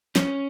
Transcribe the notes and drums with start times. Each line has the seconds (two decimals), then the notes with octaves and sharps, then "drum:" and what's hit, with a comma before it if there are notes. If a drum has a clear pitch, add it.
0.16 C#4, drum: snare